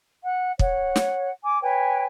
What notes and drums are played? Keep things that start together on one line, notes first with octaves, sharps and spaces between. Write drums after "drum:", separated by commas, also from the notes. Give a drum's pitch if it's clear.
F#5
C#5 F#5, drum: kick
drum: snare
G#5 D6
B4 C#5 G5 G#5